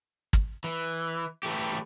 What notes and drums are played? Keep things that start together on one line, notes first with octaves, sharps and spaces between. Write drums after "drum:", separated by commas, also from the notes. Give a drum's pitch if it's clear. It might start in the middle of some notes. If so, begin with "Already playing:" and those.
drum: kick
E3
E3 A3 G4